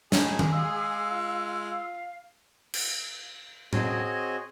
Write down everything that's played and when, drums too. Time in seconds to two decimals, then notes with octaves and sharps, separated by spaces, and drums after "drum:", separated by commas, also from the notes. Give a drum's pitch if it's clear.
0.12 A2 D#4 G#4, drum: snare
0.39 drum: tom D#3
0.52 G#3 F5 E6
1.11 F4
1.69 F5
2.74 drum: cymbal
3.73 C4 F#4 G#4 C#5 D#5, drum: tom